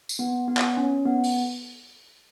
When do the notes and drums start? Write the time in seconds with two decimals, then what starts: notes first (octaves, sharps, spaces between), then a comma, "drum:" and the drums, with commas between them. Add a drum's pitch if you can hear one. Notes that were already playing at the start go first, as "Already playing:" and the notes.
0.09 drum: tambourine
0.19 B3
0.48 B3
0.57 drum: clap
0.77 C#4
1.05 B3
1.23 drum: open hi-hat